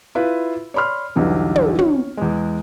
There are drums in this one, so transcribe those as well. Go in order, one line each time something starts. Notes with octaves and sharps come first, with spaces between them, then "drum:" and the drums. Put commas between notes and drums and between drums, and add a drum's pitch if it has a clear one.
E4 F4 B4
C#5 D5 B5 C6 F6
B1 E2 D3 E3 G3
drum: tom
C#5, drum: tom
E2 G#3